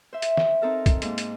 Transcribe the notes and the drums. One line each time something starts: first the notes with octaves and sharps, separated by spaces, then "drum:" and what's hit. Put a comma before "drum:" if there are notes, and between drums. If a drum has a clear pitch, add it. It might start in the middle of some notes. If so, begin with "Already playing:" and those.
C5 E5
drum: hi-hat
G5, drum: snare
C4 D#4 A4 A#4
drum: kick, hi-hat
G#2 A#3, drum: hi-hat
drum: hi-hat